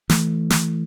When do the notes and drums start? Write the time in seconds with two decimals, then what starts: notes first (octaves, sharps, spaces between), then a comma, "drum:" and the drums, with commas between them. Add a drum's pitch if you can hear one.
0.10 E3 A3, drum: snare
0.50 drum: snare